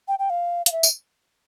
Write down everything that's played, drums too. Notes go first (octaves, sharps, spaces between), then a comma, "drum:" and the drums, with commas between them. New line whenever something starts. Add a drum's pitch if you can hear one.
G5
G5
F5
F5, drum: hi-hat
E5
drum: tambourine